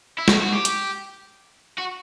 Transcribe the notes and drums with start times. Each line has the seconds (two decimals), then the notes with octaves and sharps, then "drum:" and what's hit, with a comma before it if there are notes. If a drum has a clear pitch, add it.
0.18 E4
0.28 F#4, drum: snare
0.42 F#4
0.53 G4
0.65 drum: hi-hat
1.78 F#4